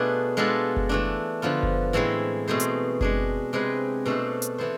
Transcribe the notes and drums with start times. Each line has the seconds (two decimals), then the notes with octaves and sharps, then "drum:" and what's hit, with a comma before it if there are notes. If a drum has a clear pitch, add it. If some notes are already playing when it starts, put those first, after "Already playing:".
Already playing: B2 A3 B3 D4 F4 G#4 B4
0.37 G#3 B3 D4 F4 A4
0.76 drum: kick F#1
0.89 E3 A3 D4
1.42 D3 F3 B3 F4
1.63 drum: kick F#1
1.93 A2 E3 G#3 C4 E4
2.48 B2 A3 C4 G#4 C5
2.60 drum: hi-hat
3.01 G#3 D4 G#4, drum: kick F#1
3.53 C3 G#3 C4 G#4 B4
4.06 B2 A3 D4 A4 C5
4.42 drum: hi-hat
4.58 E3 B3 E4 A4 C5